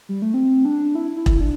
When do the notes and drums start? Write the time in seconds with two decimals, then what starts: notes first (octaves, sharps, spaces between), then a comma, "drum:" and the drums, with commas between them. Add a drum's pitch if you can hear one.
0.09 G3
0.22 A3
0.34 C4
0.65 D4
0.95 E4
1.17 E4
1.26 drum: kick E1
1.41 D4